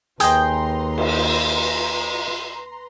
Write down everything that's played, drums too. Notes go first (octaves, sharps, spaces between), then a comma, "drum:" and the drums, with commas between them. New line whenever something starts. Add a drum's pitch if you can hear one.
D#2 G#4 B4 D#5 G5 A#5 C6, drum: hi-hat
drum: cymbal